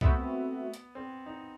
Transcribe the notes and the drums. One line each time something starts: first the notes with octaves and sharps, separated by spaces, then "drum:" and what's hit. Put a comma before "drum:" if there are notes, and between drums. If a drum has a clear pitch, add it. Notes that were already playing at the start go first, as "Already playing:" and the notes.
A3 B3 C4 F#4 B4 E5, drum: kick
drum: hi-hat
C4
D#4